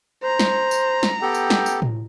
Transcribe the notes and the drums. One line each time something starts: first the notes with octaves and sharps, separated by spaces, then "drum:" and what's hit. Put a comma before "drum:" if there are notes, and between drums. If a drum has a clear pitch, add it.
C5 A#5
drum: snare
drum: tambourine
drum: snare
B3 G4 A4 G5
drum: tambourine
drum: snare
drum: tambourine
drum: tom A2